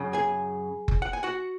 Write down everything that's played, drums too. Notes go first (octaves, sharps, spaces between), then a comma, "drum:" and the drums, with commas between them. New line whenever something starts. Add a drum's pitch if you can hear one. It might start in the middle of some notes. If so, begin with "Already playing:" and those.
Already playing: F#2 C#3
G#4 G#5
drum: kick F#1
F#5
G#5
F#4 F#5